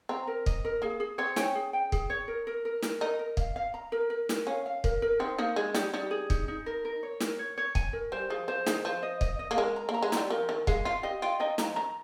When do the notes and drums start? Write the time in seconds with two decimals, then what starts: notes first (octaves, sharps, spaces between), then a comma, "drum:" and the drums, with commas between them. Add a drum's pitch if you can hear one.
0.09 C4 A#5
0.27 A#4
0.46 D#5, drum: kick
0.65 A#4
0.82 A#3 G#4
1.00 G#4
1.18 C4 C#5
1.36 C#4 G5, drum: snare
1.55 G#4
1.73 G5
1.92 G#4, drum: kick
2.10 C#5
2.28 A#4
2.47 A#4
2.65 A#4
2.82 A#4, drum: snare
3.01 D#4 A#4
3.19 A#4
3.37 F5, drum: kick
3.56 F5
3.74 A#5
3.92 A#4
4.10 A#4
4.29 A#4, drum: snare
4.47 C#4 F5
4.66 F5
4.84 A#4, drum: kick
5.02 A#4
5.19 C4 D#4
5.38 A#3 D#4
5.56 G#3 G#4
5.74 G3 D#4, drum: snare
5.94 G3 D#4
6.11 G#4
6.30 D#4, drum: kick
6.48 D#4
6.66 A#4
6.85 A#4
7.03 C#5
7.20 A#4, drum: snare
7.39 C#5
7.58 C#5
7.75 G#5, drum: kick
7.93 A#4
8.12 G3 C5
8.30 F3 G#4
8.48 F3 C5
8.66 D#3 G#4, drum: snare
8.85 F3 C5
9.03 D#5
9.21 D#5, drum: kick
9.39 D#5
9.51 A#3
9.57 G#3 A#4
9.76 A#5
9.89 A#3
9.94 A#5
10.03 G#3
10.12 G3 A#5, drum: snare
10.30 F3 A#4
10.49 D#3 A#4
10.67 G#3 F5, drum: kick
10.85 F4 F5
11.03 G4 D#5
11.22 F4 G5
11.40 D#4 D#5
11.58 F3 A#5, drum: snare
11.76 D#3 A#5